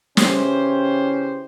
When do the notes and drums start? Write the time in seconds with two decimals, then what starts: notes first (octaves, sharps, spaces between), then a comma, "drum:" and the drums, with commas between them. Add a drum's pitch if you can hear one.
0.17 C#3 E3 C#4 G4 C5, drum: snare